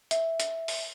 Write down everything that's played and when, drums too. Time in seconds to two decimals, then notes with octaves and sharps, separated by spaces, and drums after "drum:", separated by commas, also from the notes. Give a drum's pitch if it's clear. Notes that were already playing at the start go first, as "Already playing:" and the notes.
0.11 E5, drum: hi-hat
0.40 drum: hi-hat
0.68 drum: open hi-hat